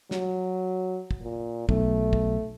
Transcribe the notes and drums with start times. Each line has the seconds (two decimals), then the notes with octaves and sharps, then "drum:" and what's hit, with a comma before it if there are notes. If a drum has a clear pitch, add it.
0.11 F#3, drum: snare
1.11 drum: kick
1.21 A#2
1.69 B1 A3, drum: kick
2.13 drum: kick